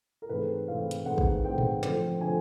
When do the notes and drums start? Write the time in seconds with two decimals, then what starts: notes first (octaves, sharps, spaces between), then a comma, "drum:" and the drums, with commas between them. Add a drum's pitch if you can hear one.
0.22 A#4
0.29 G#2 E3 A3 C4 B4
0.68 G#2 E3 A3 C4 F5
0.91 drum: hi-hat
1.05 G#2 E3 A3 C4 F#5
1.18 drum: kick
1.44 G#2 E3 A3 C4 G5
1.58 drum: tom A2
1.83 D3 F3 A3 C4, drum: snare
2.21 D3 F3 A3 C4 G#5